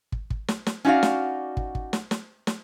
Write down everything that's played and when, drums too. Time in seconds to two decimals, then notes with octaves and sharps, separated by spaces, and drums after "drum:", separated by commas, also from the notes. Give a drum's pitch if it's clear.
0.12 drum: kick
0.30 drum: kick
0.48 drum: snare
0.66 drum: snare
0.85 C#4 D#4 F#4 D5 F5
1.03 drum: snare
1.57 drum: kick
1.75 drum: kick
1.93 drum: snare
2.11 drum: snare
2.47 drum: snare